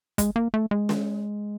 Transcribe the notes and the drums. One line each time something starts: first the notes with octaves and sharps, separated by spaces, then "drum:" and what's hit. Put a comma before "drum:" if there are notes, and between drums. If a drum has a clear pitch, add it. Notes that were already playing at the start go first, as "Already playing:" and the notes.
G#3, drum: kick, hi-hat
A#3
A3
G#3
drum: snare